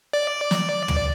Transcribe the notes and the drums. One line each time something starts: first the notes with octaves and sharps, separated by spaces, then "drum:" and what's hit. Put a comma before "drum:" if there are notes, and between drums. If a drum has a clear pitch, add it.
D5
drum: snare
drum: tom